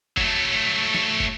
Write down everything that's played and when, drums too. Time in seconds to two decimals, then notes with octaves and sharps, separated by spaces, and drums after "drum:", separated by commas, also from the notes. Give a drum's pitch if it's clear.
0.17 F#3 A3, drum: kick
0.94 drum: snare
1.20 drum: kick